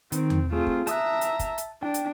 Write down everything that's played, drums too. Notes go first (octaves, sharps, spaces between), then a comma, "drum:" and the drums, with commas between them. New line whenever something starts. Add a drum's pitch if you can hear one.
D#3 C4, drum: hi-hat
drum: tom E2
A3 C4 F4 G#4
drum: kick
E5 A5 A#5 D#6 F#6, drum: hi-hat
drum: hi-hat
drum: kick, hi-hat
drum: hi-hat
D4 G5
drum: hi-hat